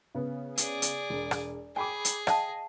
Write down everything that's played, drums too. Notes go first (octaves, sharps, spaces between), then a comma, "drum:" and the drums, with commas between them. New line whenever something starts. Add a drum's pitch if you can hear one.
C#3 B3
G#4 D5, drum: hi-hat
drum: hi-hat
E1
drum: rim click
G#4 G5 G#5 B5 D6
drum: hi-hat
D#5 F5 G5 A5, drum: rim click